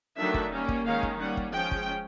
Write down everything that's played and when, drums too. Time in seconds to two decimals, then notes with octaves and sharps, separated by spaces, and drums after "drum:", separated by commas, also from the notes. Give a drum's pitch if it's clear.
0.17 D#3 F#3 A3 D4 E5
0.34 drum: kick
0.51 G3 A#3 C#4
0.68 drum: kick
0.85 D#3 G#3 C#4 F5
1.03 drum: kick
1.20 G3 A#3 C#4 F#5
1.37 drum: kick
1.54 F3 G#3 C#4 G5
1.71 drum: kick